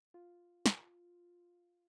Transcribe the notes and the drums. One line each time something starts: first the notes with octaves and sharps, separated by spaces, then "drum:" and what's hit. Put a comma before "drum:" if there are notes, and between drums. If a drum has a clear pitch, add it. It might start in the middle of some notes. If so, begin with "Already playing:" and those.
F4
drum: snare